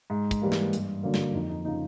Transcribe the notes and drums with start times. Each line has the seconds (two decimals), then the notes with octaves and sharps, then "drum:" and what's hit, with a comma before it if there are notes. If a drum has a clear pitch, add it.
0.10 G#2
0.31 drum: kick, hi-hat
0.41 E3 G3 A#3
0.52 drum: snare
0.73 G2, drum: hi-hat
1.03 D3 F#3 A#3
1.14 drum: snare
1.34 F2 D#4
1.49 D#4
1.65 C#3 F3 D#4